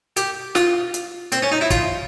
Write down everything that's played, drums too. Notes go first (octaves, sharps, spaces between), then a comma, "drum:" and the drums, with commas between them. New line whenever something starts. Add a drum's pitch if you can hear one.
G4, drum: hi-hat
F4, drum: snare
drum: hi-hat
C4, drum: hi-hat
C#4
D#4
E4
F4, drum: kick, hi-hat